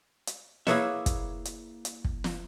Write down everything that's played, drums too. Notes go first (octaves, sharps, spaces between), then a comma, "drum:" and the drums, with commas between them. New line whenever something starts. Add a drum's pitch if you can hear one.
drum: hi-hat
A#3 E4 G#4 B4 C#5 E5, drum: snare
drum: kick, hi-hat
drum: hi-hat
drum: hi-hat
drum: kick
drum: snare